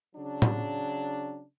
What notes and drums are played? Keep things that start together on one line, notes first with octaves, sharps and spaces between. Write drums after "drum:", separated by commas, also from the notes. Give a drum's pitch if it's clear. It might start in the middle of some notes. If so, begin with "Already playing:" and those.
C#3 F#3 D4
drum: tom A2